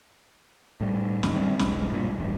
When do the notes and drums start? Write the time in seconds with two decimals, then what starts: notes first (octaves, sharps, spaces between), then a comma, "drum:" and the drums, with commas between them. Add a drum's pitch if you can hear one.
0.81 A2 G3
1.23 D#1 D2 G#2 G#3, drum: snare
1.36 D2 G3 C4
1.59 E1 B1 G#3, drum: snare
1.88 G2 A#2
2.18 E1 A1 G2